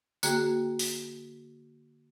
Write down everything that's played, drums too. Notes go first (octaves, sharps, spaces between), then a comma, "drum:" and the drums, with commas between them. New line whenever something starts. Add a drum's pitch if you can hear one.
D3 A#3 F#4 G#4 G5, drum: tambourine
drum: open hi-hat